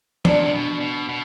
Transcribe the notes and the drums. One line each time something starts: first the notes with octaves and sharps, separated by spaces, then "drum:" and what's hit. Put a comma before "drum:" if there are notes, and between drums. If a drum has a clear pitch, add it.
A#2 D4, drum: tom
C3
B2
B2
B2